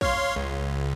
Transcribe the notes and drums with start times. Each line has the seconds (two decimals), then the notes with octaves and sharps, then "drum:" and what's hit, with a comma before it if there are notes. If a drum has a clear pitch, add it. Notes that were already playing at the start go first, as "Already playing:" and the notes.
0.01 C#5 F5 C6, drum: kick
0.36 C#2